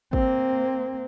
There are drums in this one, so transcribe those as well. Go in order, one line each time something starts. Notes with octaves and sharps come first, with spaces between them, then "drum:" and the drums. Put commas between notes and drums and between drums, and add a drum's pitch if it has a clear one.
A#3 C4, drum: kick